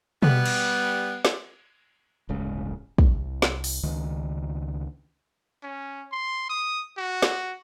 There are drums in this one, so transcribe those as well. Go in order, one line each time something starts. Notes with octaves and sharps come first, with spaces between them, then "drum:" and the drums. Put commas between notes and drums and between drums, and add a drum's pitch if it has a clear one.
G3 B3, drum: tom
drum: cymbal
drum: snare
D1 G1 C#3 G#3
C2, drum: kick
drum: snare
drum: open hi-hat
C#2 D#3
C#4
C6
D#6
F#4
drum: snare